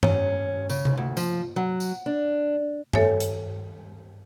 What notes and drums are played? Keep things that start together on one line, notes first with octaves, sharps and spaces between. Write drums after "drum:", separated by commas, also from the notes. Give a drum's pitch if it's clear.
C#4, drum: tom G2
C#3, drum: tambourine
drum: tom C3
D2
F3, drum: tambourine
F#3
drum: tambourine
D4
A4 C#5 E5 G#5, drum: tom G2
drum: hi-hat